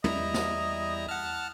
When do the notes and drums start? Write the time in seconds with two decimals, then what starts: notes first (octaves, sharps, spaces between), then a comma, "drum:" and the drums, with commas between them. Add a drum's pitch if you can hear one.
0.04 E2 G3 E4 D#5 A#5, drum: tom
0.34 drum: snare
1.09 F#5 A5 F6